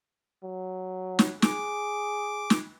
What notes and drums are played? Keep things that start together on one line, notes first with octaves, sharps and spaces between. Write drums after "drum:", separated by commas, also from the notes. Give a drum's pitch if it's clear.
F#3
drum: snare
G#4 D6, drum: snare
drum: snare